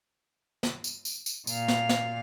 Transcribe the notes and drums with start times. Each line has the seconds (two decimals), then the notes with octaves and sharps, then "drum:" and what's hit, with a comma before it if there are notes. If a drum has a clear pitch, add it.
0.63 drum: snare
0.84 drum: tambourine
1.05 drum: tambourine
1.26 drum: tambourine
1.47 A#2 F5, drum: tambourine
1.68 drum: snare
1.89 drum: snare